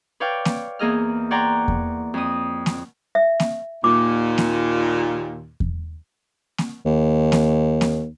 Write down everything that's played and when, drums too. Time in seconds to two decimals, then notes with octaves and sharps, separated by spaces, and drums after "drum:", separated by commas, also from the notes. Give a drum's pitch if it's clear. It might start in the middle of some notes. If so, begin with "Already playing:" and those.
0.20 B4 C#5 D5 F5 G5
0.45 drum: snare A#3
0.79 E2 A#3 G#4 D#5 F6
1.31 C#5 D5 F#5 G5 A#5 C6
1.68 drum: kick E2
2.14 F2 D#6
2.66 drum: snare A#3
3.15 E5
3.40 drum: snare A#3
3.84 D#2 A#2 D6
4.38 drum: snare A#3
5.60 drum: kick E2
6.58 drum: snare A#3
6.86 D#2
7.32 drum: snare A#3
7.81 drum: snare A#3